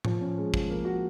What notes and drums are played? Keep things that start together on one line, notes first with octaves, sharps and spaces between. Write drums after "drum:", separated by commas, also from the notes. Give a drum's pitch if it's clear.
F3, drum: tom A2
C#4
G#3
F3, drum: kick
A#3
F#4